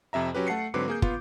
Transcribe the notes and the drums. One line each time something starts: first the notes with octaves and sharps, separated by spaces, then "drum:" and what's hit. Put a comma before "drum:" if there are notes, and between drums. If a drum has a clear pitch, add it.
F2 C3 E5 A#5
F#3 C#4 G4 B4
A3 F#5 A5 C7 C#7
G#2 D3 F#3 C4 B4 D6
A#3 G#4 G6
B3 F4, drum: kick